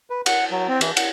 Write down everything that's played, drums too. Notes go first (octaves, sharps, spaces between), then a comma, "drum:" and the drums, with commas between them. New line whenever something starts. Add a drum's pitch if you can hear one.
B4
F#5, drum: cymbal
F#3
C4
E3, drum: cymbal
F#5, drum: cymbal